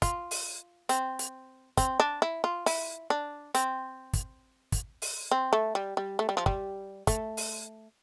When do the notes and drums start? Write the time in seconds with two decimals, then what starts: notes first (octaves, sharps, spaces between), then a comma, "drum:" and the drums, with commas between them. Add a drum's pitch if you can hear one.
0.02 F4, drum: kick, hi-hat
0.31 drum: open hi-hat
0.89 C4, drum: hi-hat
1.19 drum: hi-hat
1.77 C4, drum: kick, hi-hat
2.00 D4
2.22 E4
2.44 F4
2.66 E4, drum: open hi-hat
3.10 D4
3.55 C4, drum: hi-hat
4.13 drum: kick, hi-hat
4.72 drum: kick, hi-hat
5.02 drum: open hi-hat
5.31 C4
5.53 A3
5.75 G3
5.97 G3
6.19 A3
6.29 G3
6.37 F3
6.46 G3, drum: kick
7.07 A3, drum: kick, hi-hat
7.37 drum: open hi-hat